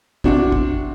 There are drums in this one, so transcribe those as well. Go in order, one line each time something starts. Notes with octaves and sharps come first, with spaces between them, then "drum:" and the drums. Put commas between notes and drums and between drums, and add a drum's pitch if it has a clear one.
C3 D4 F#4, drum: kick
drum: kick